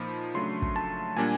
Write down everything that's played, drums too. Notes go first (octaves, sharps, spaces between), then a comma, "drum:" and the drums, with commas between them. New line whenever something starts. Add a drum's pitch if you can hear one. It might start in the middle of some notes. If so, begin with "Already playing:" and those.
Already playing: A#2 F3 A#3 D#4 B5
C#3 F#3 A3 D4 C6
drum: kick
A5
A#2 G3 A#3 D4 G#5